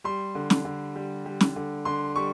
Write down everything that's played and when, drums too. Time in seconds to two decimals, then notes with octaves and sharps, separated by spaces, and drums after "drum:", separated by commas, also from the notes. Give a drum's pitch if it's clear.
0.04 G3 C6
0.35 D3
0.50 drum: snare
0.65 D3
0.96 G3
1.26 G3
1.41 drum: snare
1.56 D3
1.85 D3 C6
2.16 G3 C#6